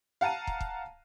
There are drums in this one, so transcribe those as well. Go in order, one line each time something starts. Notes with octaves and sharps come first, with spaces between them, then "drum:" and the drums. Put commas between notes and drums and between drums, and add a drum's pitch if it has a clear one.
F5 F#5 A5 A#5 D#7
drum: kick
drum: kick